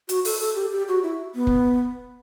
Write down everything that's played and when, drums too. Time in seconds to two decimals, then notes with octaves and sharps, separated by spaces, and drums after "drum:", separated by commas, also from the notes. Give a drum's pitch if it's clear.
0.09 F#4, drum: hi-hat
0.25 A4, drum: open hi-hat
0.39 A4
0.55 G4
0.72 G4
0.88 F#4
1.03 E4
1.35 B3
1.47 drum: kick F1